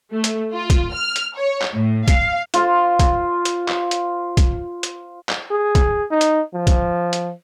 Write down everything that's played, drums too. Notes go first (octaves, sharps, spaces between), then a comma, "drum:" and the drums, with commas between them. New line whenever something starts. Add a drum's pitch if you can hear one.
A3
drum: hi-hat
F4
drum: kick, hi-hat
F6
drum: hi-hat
C#5
drum: clap
A2
F5, drum: kick, hi-hat
F4 C5 F5, drum: hi-hat
drum: kick, hi-hat
drum: hi-hat
drum: clap
drum: hi-hat
drum: kick, hi-hat
drum: hi-hat
drum: clap
G#4
drum: kick, hi-hat
D#4
drum: hi-hat
F3
drum: kick, hi-hat
drum: hi-hat